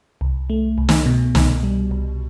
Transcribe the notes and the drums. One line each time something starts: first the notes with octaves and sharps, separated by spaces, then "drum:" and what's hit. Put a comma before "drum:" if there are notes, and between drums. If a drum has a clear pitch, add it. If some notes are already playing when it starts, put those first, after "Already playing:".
C2
A3
C2
drum: snare
B2
C2, drum: snare
G3
C2